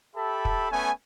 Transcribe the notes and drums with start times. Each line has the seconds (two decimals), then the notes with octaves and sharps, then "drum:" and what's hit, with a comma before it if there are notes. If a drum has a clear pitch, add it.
0.16 G4 A4 E5 A5 B5
0.45 drum: kick
0.71 A3 B3 C#4 G#5